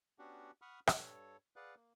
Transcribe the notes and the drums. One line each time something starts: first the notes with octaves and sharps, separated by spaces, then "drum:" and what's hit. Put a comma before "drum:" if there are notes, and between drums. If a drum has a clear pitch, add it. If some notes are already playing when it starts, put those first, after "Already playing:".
B3 C#4 D4 F#4 G4 F#5
F#5 B5 C#6 D#6 F6
G2 A4 C#5, drum: rim click
G#4 B4 D5 F5 F#5 F#6
A#3